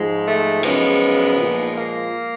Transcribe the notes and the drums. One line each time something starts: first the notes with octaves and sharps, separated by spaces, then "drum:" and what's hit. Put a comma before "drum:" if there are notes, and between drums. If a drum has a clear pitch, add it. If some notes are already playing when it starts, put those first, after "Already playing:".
Already playing: G#2 F3 G#3
A3
F#2 C#3 F3 G#3 B3, drum: cymbal
A#2 F3 G#3
A#3